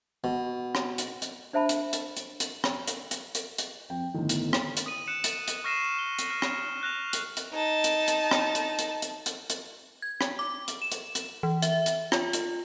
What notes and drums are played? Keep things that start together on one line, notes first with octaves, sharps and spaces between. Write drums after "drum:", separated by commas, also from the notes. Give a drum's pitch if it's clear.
B2
drum: rim click
drum: hi-hat
drum: hi-hat
D4 C5 E5 A5 B5
drum: hi-hat
drum: hi-hat
drum: hi-hat
drum: hi-hat
drum: rim click
drum: hi-hat
drum: hi-hat
drum: hi-hat
drum: hi-hat
F2 G5
G1 A2 D#3
drum: hi-hat
drum: rim click
drum: hi-hat
D#6 D#7
F#6 C#7 E7
drum: hi-hat
drum: hi-hat
C#6 F6 A#6 C7 D#7 E7
G7
drum: hi-hat
F6 D#7
drum: rim click
F6 F#6 A#6 F7
drum: hi-hat
drum: hi-hat
D#4 A5
drum: hi-hat
drum: hi-hat
drum: rim click
drum: hi-hat
drum: hi-hat
drum: hi-hat
drum: hi-hat
drum: hi-hat
G#6
drum: rim click
D6
drum: hi-hat
E7
drum: hi-hat
drum: hi-hat
E3
E5, drum: hi-hat
drum: hi-hat
F4, drum: rim click
drum: hi-hat